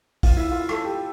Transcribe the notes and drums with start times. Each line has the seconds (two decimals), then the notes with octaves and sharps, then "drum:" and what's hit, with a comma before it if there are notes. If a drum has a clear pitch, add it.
0.23 F4, drum: kick, open hi-hat
0.37 E4
0.51 F4
0.69 A4, drum: rim click
0.84 G4